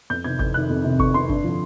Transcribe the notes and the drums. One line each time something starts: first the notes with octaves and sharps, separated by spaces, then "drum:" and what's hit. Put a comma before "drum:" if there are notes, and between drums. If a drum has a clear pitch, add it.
F2 G6
C3 D#3 G#6
F2 G6, drum: kick G1
C3 D#3 F#6
F2
C3 D#3
F2 C#6, drum: kick G1
C3 D#3 C6
G2, drum: kick G1
D3 F3